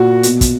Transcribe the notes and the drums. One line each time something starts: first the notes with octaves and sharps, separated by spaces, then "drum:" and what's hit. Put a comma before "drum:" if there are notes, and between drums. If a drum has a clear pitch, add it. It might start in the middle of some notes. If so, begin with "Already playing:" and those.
Already playing: A#2 F#4
B2, drum: hi-hat
drum: kick, hi-hat